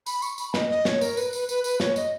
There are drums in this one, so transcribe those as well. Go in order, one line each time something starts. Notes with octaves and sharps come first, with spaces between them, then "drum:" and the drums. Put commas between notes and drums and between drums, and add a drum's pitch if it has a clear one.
B5, drum: tambourine
C#6, drum: tambourine
B5, drum: tambourine
D#5, drum: snare
D#5
C#5, drum: snare
A#4, drum: tambourine
B4, drum: tambourine
B4, drum: tambourine
B4, drum: tambourine
B4, drum: tambourine
C#5, drum: snare
D#5, drum: tambourine